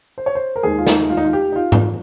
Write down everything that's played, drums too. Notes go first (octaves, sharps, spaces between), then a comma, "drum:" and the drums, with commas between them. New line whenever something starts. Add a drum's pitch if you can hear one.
C5
C#5
C5
A#4
D#2 D#3 G#3 G#4
F4
D#4, drum: snare
F4
D#4
F4
G4
D#4
F4
drum: tom G#2